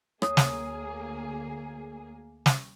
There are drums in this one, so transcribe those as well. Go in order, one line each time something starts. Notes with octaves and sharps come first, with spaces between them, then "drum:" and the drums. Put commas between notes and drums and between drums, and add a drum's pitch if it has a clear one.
D2 A#3 G#4 C#5 D#6, drum: rim click
drum: snare
drum: snare